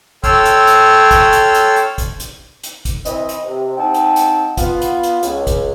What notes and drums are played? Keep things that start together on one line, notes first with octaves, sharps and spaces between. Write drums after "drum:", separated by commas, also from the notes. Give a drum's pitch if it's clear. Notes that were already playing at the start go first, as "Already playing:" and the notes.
A4 C#5 G5 C6 E6 F6, drum: kick, hi-hat
drum: hi-hat
drum: hi-hat
drum: kick, hi-hat
drum: hi-hat
drum: hi-hat
drum: hi-hat
drum: kick, hi-hat
drum: hi-hat
drum: hi-hat
drum: kick, hi-hat
E3 C4 D#5, drum: hi-hat
drum: hi-hat
C3
C4 D#4 F#5 G5 A5
drum: hi-hat
drum: hi-hat
B3 F4, drum: kick, hi-hat
drum: hi-hat
drum: hi-hat
C#2, drum: hi-hat
drum: kick, hi-hat